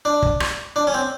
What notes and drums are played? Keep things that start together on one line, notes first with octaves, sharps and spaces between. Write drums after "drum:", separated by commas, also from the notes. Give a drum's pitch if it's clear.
D4
drum: kick
drum: rim click
D4
C#4
C4